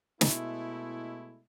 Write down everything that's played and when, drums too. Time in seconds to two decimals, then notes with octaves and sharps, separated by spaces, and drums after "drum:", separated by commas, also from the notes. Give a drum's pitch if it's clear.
0.21 B2 G#3 A3 E4, drum: snare